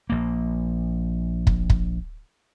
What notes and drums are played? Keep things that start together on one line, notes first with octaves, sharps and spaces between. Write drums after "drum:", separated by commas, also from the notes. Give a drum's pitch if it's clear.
A#1 A#3
drum: kick
drum: kick